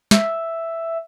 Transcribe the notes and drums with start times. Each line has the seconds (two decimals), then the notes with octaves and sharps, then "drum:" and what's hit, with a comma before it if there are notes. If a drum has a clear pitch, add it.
0.11 E5, drum: snare